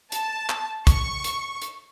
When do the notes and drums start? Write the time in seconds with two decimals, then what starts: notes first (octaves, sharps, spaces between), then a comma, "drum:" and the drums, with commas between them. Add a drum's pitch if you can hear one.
0.12 A5, drum: hi-hat
0.49 drum: clap
0.87 C#6, drum: kick, hi-hat
1.24 drum: hi-hat
1.62 drum: hi-hat